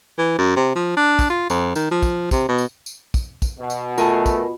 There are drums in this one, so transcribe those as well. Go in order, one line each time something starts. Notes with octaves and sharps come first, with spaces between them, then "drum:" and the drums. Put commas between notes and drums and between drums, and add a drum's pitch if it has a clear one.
E3
F#2
C3
F3
D4
drum: kick, tambourine
F4
F2, drum: tambourine
D#3, drum: tambourine
F3
drum: kick, tambourine
C3, drum: kick, tambourine
B2
drum: tambourine
drum: tambourine
drum: kick, tambourine
drum: kick, tambourine
B2
drum: tambourine
A3 F4 A#4 G#5 A5 B5, drum: tambourine
drum: kick, tambourine